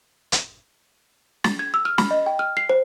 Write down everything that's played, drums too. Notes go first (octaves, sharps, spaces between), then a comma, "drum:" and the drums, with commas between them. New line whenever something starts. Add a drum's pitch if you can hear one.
drum: hi-hat
A6, drum: snare
G#6
E6
F6
B5, drum: snare
D#5
G5
F6
C7
C5